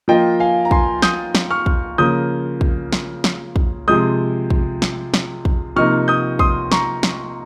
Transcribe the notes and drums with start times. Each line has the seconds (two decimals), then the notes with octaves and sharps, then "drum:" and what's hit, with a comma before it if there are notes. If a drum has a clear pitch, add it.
0.08 F3 A#3 F4 D#5 G5
0.40 F5 G#5
0.65 A#5
0.71 G#5 C6, drum: kick
1.02 D#6 G6, drum: snare
1.35 drum: snare
1.51 C#6 F6
1.66 drum: kick
1.98 C#3 F3 A#3 D#6 G6
2.61 drum: kick
2.92 drum: snare
3.24 drum: snare
3.56 drum: kick
3.88 C3 F3 G#3 D#6 G6
4.50 drum: kick
4.82 drum: snare
5.14 drum: snare
5.45 drum: kick
5.76 C3 F3 A#3 D#4 C#6 F6
6.08 D#6 G6
6.39 C6 D#6, drum: kick
6.72 A#5 C#6, drum: snare
7.03 drum: snare